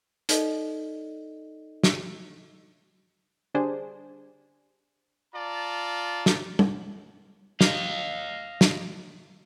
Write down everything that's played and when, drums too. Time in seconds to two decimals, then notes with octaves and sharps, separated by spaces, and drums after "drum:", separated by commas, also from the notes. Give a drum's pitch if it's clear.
0.29 D#4 A4 D5 D#5, drum: hi-hat
1.84 drum: snare
3.54 D3 G3 D4 G#4 C5
5.34 F4 D5 A5 A#5
6.26 drum: snare
6.59 drum: tom
7.61 D#5 F5, drum: snare
8.61 drum: snare